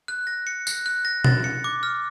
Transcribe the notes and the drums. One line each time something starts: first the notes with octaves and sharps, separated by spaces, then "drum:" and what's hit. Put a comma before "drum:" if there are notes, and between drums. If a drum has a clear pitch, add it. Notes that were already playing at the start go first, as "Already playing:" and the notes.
F#6
A#6
C#7
F#6, drum: tambourine
F#6
A#6
A6, drum: tom B2
C#7
D6
F6